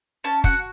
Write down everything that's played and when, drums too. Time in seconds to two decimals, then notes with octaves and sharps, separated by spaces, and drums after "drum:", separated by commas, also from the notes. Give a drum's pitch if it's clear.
0.24 C#4 A5
0.44 F#4 F#5, drum: kick